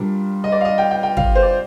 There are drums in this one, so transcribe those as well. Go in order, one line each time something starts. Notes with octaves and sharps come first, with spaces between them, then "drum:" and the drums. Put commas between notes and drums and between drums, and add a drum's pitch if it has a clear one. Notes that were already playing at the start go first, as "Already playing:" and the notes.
Already playing: A#2 G3 D4 A#4
D#5
D5
F5
D#5
G5
G5
G5
F5, drum: kick
C5
D5